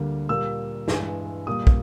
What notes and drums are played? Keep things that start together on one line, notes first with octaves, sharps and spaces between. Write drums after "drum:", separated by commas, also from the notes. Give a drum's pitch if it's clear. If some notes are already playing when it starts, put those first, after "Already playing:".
Already playing: D2 D3 G3 A#3
A#2 G3 A#3 E6
G2 E3 G#3, drum: snare
A#2 G3 A#3 D#6
drum: kick